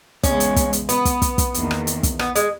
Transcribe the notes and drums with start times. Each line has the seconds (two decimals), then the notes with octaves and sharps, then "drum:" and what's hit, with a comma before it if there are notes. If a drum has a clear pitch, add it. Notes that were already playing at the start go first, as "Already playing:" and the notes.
0.23 E2 C#3 G#3 C#4, drum: kick, hi-hat
0.40 drum: hi-hat
0.56 drum: kick, hi-hat
0.73 drum: hi-hat
0.89 B3, drum: hi-hat
1.05 drum: kick, hi-hat
1.22 drum: kick, hi-hat
1.38 drum: kick, hi-hat
1.54 E2 D#3 A#3, drum: hi-hat
1.71 drum: rim click
1.87 drum: hi-hat
2.03 drum: kick, hi-hat
2.19 B3, drum: rim click
2.36 G#3, drum: hi-hat